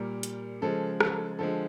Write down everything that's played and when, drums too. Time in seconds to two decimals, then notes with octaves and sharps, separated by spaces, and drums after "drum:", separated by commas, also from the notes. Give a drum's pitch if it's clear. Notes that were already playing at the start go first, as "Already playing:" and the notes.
Already playing: A#2 G3 A#4
0.23 drum: hi-hat
0.61 C#3 F3 G#3 A4
1.01 A4, drum: rim click
1.39 D3 F3 G#3 A4